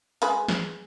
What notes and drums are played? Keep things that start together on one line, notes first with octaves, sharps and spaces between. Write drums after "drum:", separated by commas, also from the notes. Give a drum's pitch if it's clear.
G#3 G#4 B4, drum: hi-hat
drum: snare